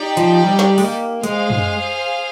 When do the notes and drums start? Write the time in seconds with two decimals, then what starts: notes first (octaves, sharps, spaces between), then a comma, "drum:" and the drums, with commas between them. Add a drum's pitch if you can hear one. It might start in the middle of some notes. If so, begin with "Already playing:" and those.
Already playing: D#4 G4 D5 G5
0.17 F3, drum: hi-hat
0.44 G3
0.59 drum: snare
0.78 G#3, drum: open hi-hat
0.84 A#3
1.24 G#3 G#4 C5 F5, drum: hi-hat
1.50 G#3, drum: tom F#2